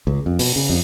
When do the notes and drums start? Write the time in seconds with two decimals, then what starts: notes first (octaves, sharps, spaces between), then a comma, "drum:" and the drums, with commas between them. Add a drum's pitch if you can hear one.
0.07 C#2
0.26 F2
0.39 B2, drum: open hi-hat
0.56 C#3
0.70 F2